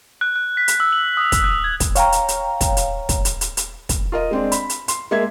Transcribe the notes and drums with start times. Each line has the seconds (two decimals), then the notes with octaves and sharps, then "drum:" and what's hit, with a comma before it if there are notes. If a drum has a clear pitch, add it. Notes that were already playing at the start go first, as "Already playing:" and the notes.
0.21 F#6
0.36 F#6
0.57 B6
0.68 drum: hi-hat
0.80 E6
0.92 F#7
1.17 D#6
1.32 drum: kick, hi-hat
1.44 F#6
1.64 G#6
1.80 drum: kick, hi-hat
1.95 C#5 F5 G5 A#5, drum: hi-hat
2.12 drum: hi-hat
2.28 drum: hi-hat
2.61 drum: kick, hi-hat
2.77 drum: hi-hat
3.09 drum: kick, hi-hat
3.25 drum: hi-hat
3.41 drum: hi-hat
3.57 drum: hi-hat
3.89 drum: kick, hi-hat
4.12 F4 A#4 D#5
4.31 G#3 C4 D4
4.52 B5, drum: hi-hat
4.70 drum: hi-hat
4.88 C6, drum: hi-hat
5.11 G#3 A#3 E5 G#6